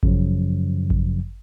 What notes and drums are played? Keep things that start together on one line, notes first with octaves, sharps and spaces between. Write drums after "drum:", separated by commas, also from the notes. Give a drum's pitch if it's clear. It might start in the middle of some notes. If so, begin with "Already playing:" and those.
F#2 C#3 F3 F#3, drum: kick G#1
drum: kick G#1